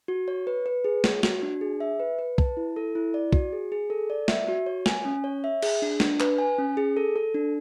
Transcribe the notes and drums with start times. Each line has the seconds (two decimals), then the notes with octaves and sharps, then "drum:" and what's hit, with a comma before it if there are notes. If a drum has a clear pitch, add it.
0.08 F#4
0.28 C#5
0.47 B4
0.66 B4
0.84 G#4
1.04 C#5, drum: snare
1.23 F#4, drum: snare
1.42 D4
1.61 G#4
1.80 E5
2.00 B4
2.19 B4
2.38 A5, drum: kick
2.57 E4
2.76 A4
2.95 E4
3.14 D5
3.33 F#4, drum: kick
3.53 G#4
3.72 G#4
3.90 A4
4.10 D5
4.28 E5, drum: snare
4.48 F#4
4.66 C#5
4.86 G#5, drum: snare
5.05 C#4
5.24 C#5
5.44 E5
5.62 G#4, drum: cymbal
5.82 D4
6.00 D4, drum: snare
6.20 B4, drum: clap
6.38 G#5
6.58 C#4
6.77 G#4
6.97 A4
7.16 A4
7.34 D4